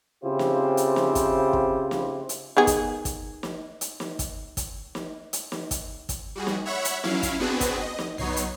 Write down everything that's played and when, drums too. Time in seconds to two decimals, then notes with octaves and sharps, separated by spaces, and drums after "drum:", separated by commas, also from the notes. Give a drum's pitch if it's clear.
0.23 C#3 C4 E4 F4 G4 C5
0.39 drum: snare
0.77 drum: hi-hat
0.96 drum: snare
1.15 drum: kick, hi-hat
1.53 drum: kick
1.91 drum: snare
2.29 drum: hi-hat
2.57 D#3 B3 G#4
2.67 drum: kick, hi-hat
3.05 drum: kick, hi-hat
3.43 drum: snare
3.81 drum: hi-hat
4.00 drum: snare
4.19 drum: kick, hi-hat
4.57 drum: kick, hi-hat
4.95 drum: snare
5.33 drum: hi-hat
5.52 drum: snare
5.71 drum: kick, hi-hat
6.09 drum: kick, hi-hat
6.35 G3 F#4 G#4
6.47 drum: snare
6.66 C#5 E5 F#5 B5 C#6
6.85 drum: hi-hat
7.04 F#3 C#4 E4 F5, drum: snare
7.23 drum: kick, hi-hat
7.39 B3 C4 D4 F#4 G#4 B4
7.61 drum: kick, hi-hat
7.81 D#5
7.99 drum: snare
8.18 F#3 B3 D#4 C#5 C7, drum: tom B1
8.37 drum: hi-hat